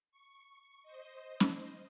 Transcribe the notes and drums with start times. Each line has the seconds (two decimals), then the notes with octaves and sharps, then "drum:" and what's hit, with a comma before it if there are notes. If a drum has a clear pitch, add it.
0.11 C#6
0.83 C5 D#5
1.40 drum: snare C#4